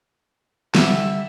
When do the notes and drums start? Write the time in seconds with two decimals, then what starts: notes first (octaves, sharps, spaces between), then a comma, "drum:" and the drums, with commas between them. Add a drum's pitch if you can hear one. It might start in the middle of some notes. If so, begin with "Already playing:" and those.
0.75 D3 G3 E5, drum: snare